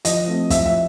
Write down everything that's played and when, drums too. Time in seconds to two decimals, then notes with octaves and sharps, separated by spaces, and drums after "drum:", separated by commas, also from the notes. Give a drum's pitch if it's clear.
0.05 F3 D#5, drum: hi-hat
0.28 A3 C4
0.50 F3 E5, drum: kick, hi-hat
0.66 E5